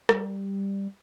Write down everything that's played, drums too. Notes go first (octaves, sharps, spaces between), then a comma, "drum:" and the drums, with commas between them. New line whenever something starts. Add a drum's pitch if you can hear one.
G3, drum: rim click